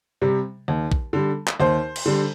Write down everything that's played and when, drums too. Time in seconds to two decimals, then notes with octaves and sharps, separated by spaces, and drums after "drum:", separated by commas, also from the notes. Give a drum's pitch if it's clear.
0.22 C3 G3
0.68 D#2
0.92 drum: kick A#1
1.13 D3 G3
1.47 drum: clap
1.60 D#2 C5
1.96 drum: cymbal
2.06 D3 G3